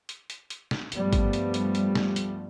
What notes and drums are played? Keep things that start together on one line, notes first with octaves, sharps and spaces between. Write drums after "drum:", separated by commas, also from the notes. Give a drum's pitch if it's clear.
drum: hi-hat
drum: hi-hat
drum: hi-hat
drum: snare
G2 F3 G3 A3 B3, drum: hi-hat
drum: kick G#1, hi-hat
drum: hi-hat
drum: hi-hat
drum: hi-hat
drum: snare
drum: hi-hat